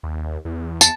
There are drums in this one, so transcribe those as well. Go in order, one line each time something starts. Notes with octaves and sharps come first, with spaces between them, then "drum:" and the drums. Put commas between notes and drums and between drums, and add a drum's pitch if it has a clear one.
D#2
E2
A5, drum: tambourine